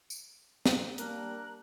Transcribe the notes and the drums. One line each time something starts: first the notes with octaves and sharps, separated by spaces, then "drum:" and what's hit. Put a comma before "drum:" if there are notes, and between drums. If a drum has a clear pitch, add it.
drum: tambourine
drum: snare
G3 A#3 D4 A#4 F#6, drum: hi-hat